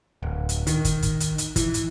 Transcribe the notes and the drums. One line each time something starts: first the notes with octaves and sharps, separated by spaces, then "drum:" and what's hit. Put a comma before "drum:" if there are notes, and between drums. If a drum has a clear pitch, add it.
D1
drum: hi-hat
D#3, drum: hi-hat
drum: kick, hi-hat
drum: kick, hi-hat
drum: hi-hat
drum: hi-hat
E3, drum: kick, hi-hat
drum: hi-hat